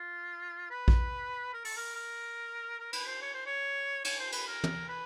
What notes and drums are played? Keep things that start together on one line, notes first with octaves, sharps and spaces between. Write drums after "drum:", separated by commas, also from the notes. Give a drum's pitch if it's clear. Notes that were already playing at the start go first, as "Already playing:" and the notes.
Already playing: F4
B4
drum: kick A#1
A#4
A4, drum: open hi-hat
A#4
A#4
A#4
B4, drum: cymbal
C5
C#5
C5
C#5
C#5, drum: cymbal
C5
B4, drum: cymbal
A#4
drum: tom
B4